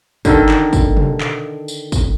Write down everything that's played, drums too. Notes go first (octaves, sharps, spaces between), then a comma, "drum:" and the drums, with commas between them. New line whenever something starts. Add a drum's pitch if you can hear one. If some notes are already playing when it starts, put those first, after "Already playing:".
D3 D#3 A4, drum: kick, tambourine
drum: clap
drum: kick, tambourine
drum: tom B2
drum: clap
drum: tambourine
drum: kick, tambourine